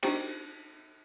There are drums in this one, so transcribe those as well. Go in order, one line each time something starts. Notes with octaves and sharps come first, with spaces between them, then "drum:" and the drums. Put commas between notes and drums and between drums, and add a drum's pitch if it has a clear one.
D4 D#4 F#4 G4 C5 G5, drum: cymbal